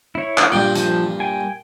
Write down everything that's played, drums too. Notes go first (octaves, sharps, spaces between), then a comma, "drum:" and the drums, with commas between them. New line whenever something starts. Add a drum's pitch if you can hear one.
E4 C#5
drum: clap
G2 A#2 D5 G5
F3 A5 G6, drum: hi-hat
G5 G#5